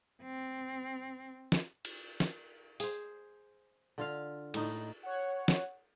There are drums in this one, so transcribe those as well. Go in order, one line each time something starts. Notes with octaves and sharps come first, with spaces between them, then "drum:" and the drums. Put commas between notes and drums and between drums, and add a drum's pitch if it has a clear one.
C4
drum: snare
drum: cymbal
drum: snare
G#4 C5, drum: open hi-hat
D3 F4 F5
A2 D#4, drum: cymbal
C#5 F#5
drum: snare